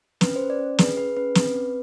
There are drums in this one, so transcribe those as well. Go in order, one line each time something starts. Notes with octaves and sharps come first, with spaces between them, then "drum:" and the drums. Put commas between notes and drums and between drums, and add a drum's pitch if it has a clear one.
C#4 B4, drum: snare
C#4 C5
D5
C#4
G#4 B4, drum: snare
G#4 B4
C#4 B4
C4 B4, drum: snare
C4